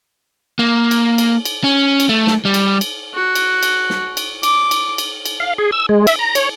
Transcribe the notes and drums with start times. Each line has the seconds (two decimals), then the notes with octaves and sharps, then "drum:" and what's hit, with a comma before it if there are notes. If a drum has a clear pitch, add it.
0.59 A#3
0.91 drum: cymbal
1.18 drum: cymbal
1.45 drum: cymbal
1.64 C#4
2.00 drum: cymbal
2.09 A3
2.27 drum: snare
2.45 G3
2.54 drum: cymbal
2.81 drum: cymbal
3.14 F#4
3.35 drum: cymbal
3.63 drum: cymbal
3.90 drum: snare
4.17 drum: cymbal
4.43 D6, drum: cymbal
4.71 drum: cymbal
4.98 drum: cymbal
5.25 drum: cymbal
5.40 F5
5.58 G#4
5.72 E6
5.89 G#3
6.07 E5, drum: cymbal
6.19 A#5
6.35 C#5, drum: cymbal